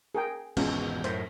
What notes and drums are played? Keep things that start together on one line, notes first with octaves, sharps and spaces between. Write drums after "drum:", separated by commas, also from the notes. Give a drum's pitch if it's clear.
G#4 A#4 G5
G#1 E2 B2 G#3 C#4 F4, drum: cymbal
F#2 A2 C5, drum: hi-hat